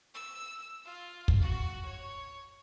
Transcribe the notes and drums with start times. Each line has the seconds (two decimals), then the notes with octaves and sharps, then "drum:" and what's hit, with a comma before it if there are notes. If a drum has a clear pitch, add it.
0.14 E6
0.85 F4
1.28 drum: kick
1.41 F#4
1.86 C#5